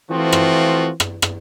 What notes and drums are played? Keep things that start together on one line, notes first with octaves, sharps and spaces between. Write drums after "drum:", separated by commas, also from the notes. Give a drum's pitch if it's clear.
E3 F3 A3 C4 F4 F#4
drum: rim click
drum: rim click
drum: rim click